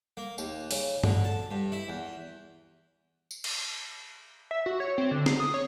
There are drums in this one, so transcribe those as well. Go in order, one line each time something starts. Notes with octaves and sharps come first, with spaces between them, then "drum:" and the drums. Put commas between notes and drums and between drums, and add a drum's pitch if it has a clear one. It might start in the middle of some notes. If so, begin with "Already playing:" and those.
A#3
D#2, drum: tambourine
C#3, drum: open hi-hat
D3, drum: tom G2
A5
G2
E4
E2
drum: tambourine
drum: cymbal
E5
F#4
C#5
C4
D3
C7, drum: snare
D#6
C#5